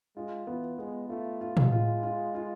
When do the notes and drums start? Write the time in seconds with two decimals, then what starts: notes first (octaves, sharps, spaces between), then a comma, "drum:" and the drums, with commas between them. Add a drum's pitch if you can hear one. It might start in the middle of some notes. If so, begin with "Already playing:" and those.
0.16 G#3 F4
0.47 E3 B3
0.78 G#3 B3
1.09 A3 F4
1.41 F4
1.57 G#3, drum: tom
1.72 F4
2.03 F4
2.35 F4